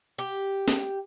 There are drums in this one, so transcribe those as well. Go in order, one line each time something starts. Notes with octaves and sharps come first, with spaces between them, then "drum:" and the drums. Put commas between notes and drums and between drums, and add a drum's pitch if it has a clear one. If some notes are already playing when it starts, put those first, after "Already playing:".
G4
drum: snare